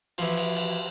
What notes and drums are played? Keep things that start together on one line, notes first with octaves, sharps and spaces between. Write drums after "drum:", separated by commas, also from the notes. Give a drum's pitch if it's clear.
E3 F3, drum: cymbal
drum: cymbal
drum: cymbal